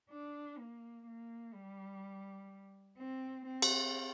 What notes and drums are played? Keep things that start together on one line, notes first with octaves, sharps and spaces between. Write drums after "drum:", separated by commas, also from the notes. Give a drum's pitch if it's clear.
D4
A#3
A#3
G3
C4
C4
drum: cymbal